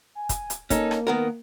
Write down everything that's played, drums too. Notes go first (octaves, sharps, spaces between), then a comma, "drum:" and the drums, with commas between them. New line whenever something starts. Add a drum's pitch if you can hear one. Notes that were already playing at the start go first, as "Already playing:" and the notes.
G#5
drum: kick, hi-hat
drum: hi-hat
A#3 C#4 D#4 A4, drum: kick, hi-hat
drum: rim click
D#3 B3 A#4